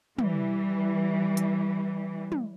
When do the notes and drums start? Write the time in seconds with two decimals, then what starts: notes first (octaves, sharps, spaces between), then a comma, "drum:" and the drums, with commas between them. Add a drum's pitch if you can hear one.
0.18 E3 G3, drum: tom
1.37 drum: hi-hat
2.32 drum: tom